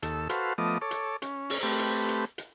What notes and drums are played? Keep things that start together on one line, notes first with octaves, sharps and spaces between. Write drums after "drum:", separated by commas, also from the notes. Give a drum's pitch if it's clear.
D#2 A4 E6, drum: hi-hat
F#4 A4 B4 C5 F5, drum: hi-hat
F3 A3 B3 D#5 D6 D#6
A4 C#5 D6
drum: hi-hat
C#4, drum: hi-hat
drum: open hi-hat
A3 C4 G4 B4
drum: hi-hat
drum: hi-hat
drum: hi-hat